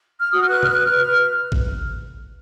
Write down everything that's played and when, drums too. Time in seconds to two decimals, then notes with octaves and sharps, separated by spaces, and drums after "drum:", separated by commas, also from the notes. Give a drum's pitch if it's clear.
0.20 F6
0.31 F#4 D#6
0.43 F6
0.49 B4 F#6
0.63 F6, drum: tom
0.68 B4 F#6
0.86 B4 F6
1.04 B4 F6
1.52 drum: kick G#1